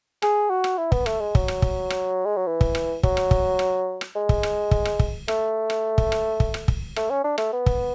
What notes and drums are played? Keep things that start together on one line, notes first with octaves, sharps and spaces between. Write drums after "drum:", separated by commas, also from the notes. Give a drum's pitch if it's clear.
G#4, drum: rim click
F#4
drum: rim click
E4
B3, drum: kick
A3, drum: rim click
G#3
F#3, drum: kick
drum: rim click
drum: kick
drum: rim click
G#3
F#3
E3
drum: kick
drum: rim click
F#3, drum: kick
drum: rim click
drum: kick
drum: rim click
drum: rim click
G#3
drum: kick
drum: rim click
drum: kick
drum: rim click
drum: kick
A3, drum: rim click
drum: rim click
drum: kick
drum: rim click
drum: kick
drum: rim click
drum: kick
A3, drum: rim click
C#4
D4
A3, drum: rim click
B3
drum: kick